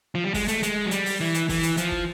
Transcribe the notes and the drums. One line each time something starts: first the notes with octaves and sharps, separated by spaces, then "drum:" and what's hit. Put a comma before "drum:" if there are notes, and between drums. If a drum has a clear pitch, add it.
F3
G3
G#3, drum: kick, open hi-hat
A3, drum: hi-hat
G#3, drum: hi-hat
F#3
G3, drum: hi-hat
drum: open hi-hat
E3
drum: hi-hat
E3, drum: kick, open hi-hat
drum: hi-hat
F3, drum: hi-hat
drum: kick